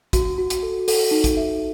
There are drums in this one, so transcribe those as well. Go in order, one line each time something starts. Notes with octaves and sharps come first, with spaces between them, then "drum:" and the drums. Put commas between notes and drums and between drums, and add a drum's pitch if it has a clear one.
F#4, drum: kick, hi-hat
F#4
drum: hi-hat
A4
A4, drum: open hi-hat
D#4
drum: kick, hi-hat
E5